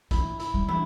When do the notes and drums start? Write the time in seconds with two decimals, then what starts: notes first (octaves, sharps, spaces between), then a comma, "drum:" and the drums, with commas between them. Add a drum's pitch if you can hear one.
0.11 E3 E4, drum: kick, hi-hat
0.40 E4, drum: hi-hat
0.54 G3
0.69 E4, drum: tom